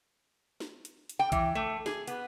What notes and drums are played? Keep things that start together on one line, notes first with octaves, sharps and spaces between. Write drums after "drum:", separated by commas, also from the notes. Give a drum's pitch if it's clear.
drum: snare
drum: hi-hat
drum: hi-hat
G5
E3, drum: kick A#1, hi-hat
A3
G#4, drum: snare
B3, drum: hi-hat